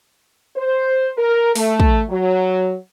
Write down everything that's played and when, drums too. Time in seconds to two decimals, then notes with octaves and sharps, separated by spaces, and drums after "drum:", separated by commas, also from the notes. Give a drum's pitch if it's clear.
0.56 C5
1.17 A#4
1.55 A3, drum: open hi-hat
1.80 drum: kick
2.09 F#3